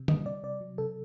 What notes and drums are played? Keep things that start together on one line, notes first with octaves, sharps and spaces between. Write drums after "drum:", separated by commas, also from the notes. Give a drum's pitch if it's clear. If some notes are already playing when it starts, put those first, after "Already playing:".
Already playing: C3
G3 D#5, drum: tom D3
C3 D5
C3 D5
F#3
C3 A4